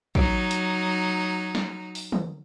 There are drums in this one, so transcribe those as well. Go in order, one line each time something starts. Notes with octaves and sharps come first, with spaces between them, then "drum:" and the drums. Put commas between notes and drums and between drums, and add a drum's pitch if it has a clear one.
F#3 D#4, drum: kick
drum: hi-hat
drum: snare
drum: open hi-hat
drum: tom